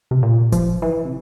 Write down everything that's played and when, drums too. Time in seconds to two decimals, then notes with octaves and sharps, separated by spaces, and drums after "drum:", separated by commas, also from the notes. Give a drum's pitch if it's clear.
0.11 C3
0.23 A#2
0.52 F3, drum: kick G1, hi-hat
0.82 E3
1.05 C3